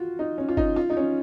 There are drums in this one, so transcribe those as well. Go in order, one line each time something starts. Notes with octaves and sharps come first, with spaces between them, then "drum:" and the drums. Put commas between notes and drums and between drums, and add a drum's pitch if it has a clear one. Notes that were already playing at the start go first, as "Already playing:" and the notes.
Already playing: F4 F#4
D#4
C#4
F4
D#4, drum: kick
F4
D#4
C#4